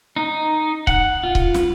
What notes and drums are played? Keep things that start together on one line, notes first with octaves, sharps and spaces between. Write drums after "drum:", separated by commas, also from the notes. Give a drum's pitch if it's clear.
D#4
F#5, drum: kick C#1
F4
drum: kick C#1
drum: snare